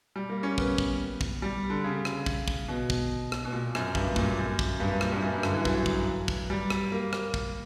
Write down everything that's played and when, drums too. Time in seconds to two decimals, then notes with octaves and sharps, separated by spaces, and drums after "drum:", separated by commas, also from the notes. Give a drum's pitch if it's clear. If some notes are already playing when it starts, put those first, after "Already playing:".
0.16 G3
0.30 A#3
0.43 C#4
0.58 B3, drum: kick
0.78 drum: kick
1.21 drum: kick
1.42 G3
1.70 D3
1.84 C#3
2.05 drum: rim click
2.26 drum: kick
2.48 drum: kick
2.68 B2
2.90 drum: kick
3.32 drum: rim click
3.45 B2
3.53 A#2
3.75 F#2, drum: rim click
3.95 G2, drum: kick
4.16 A#2, drum: kick
4.38 F#2
4.59 drum: kick
4.80 G2
4.91 G2
5.01 A#2, drum: rim click
5.12 G2
5.22 F#2
5.33 G2
5.43 D3, drum: rim click
5.54 E3
5.65 F#3, drum: kick
5.86 drum: kick
6.28 drum: kick
6.50 G3
6.70 drum: rim click
6.92 A#3
7.13 drum: rim click
7.34 drum: kick